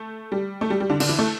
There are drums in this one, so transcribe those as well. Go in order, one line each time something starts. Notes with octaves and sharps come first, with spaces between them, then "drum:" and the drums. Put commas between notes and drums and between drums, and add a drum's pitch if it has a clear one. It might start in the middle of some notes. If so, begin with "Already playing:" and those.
Already playing: A3
G3
A3
G3
G3
D3 D4
D3 D4, drum: cymbal
E3 E4
A3